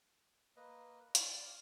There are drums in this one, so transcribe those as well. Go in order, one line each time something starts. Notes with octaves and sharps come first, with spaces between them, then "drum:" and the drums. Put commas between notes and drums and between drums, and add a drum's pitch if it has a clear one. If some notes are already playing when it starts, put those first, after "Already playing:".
A#3 B4 D#5
D5 F5, drum: hi-hat